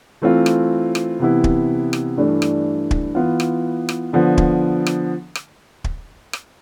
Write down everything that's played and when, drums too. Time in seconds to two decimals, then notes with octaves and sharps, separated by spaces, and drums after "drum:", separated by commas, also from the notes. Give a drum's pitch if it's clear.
0.22 E3 A3 C4 F4
0.46 drum: rim click
0.95 drum: rim click
1.20 C3 E3 B3 E4
1.44 drum: kick
1.93 drum: rim click
2.17 G2 E3 A3 D4
2.42 drum: rim click
2.91 drum: kick
3.15 E3 B3 F4
3.40 drum: rim click
3.89 drum: rim click
4.13 D3 F3 B3
4.38 drum: kick
4.86 drum: rim click
5.35 drum: rim click
5.84 drum: kick
6.33 drum: rim click